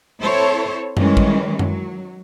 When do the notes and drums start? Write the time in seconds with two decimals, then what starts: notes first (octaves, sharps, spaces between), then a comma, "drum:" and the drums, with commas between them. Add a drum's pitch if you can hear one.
0.20 C4 E4 A4 C5 C#5
0.97 D#3 E3 G3 G#3 C#4, drum: tom F#2
1.17 drum: kick
1.59 F#3, drum: tom F#2